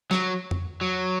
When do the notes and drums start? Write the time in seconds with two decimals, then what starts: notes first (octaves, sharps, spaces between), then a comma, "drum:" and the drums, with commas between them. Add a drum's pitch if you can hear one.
0.11 F#3, drum: snare
0.51 drum: tom F2
0.81 F#3